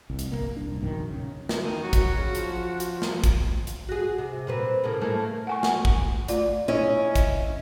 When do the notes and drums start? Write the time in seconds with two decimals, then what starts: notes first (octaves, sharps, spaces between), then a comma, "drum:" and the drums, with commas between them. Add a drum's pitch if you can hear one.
0.10 C2
0.19 drum: hi-hat
0.32 G1 E2 A#3
0.57 D#1 C2 D4
0.81 A#1 F#2 D#3
1.09 C#3 C#4
1.49 drum: snare
1.63 D#3
1.83 F#3 F#4
1.93 drum: kick, hi-hat
2.17 C#3
2.35 F3, drum: hi-hat
2.80 drum: hi-hat
3.02 drum: snare
3.24 drum: kick, hi-hat
3.67 drum: hi-hat
3.89 F#4 G#4
4.18 C3
4.47 A#2 C4 B4
4.84 A2 C#3 A#3
5.01 A3 A#3 E4
5.47 F#5 G#5 C#6
5.63 drum: snare
5.85 drum: kick
6.28 A3 F4 D5, drum: hi-hat
6.68 C#4 E4 D#5
7.16 drum: kick, hi-hat